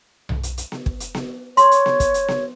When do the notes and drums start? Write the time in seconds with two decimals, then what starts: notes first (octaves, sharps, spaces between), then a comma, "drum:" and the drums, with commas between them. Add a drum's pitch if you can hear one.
0.29 drum: tom B1
0.43 drum: hi-hat
0.58 drum: hi-hat
0.72 drum: snare B3
0.86 drum: kick
1.00 drum: hi-hat
1.15 drum: snare B3
1.57 C#5 C6, drum: hi-hat
1.71 drum: hi-hat
1.86 drum: snare B3
2.00 drum: kick, hi-hat
2.14 drum: hi-hat
2.28 drum: snare B3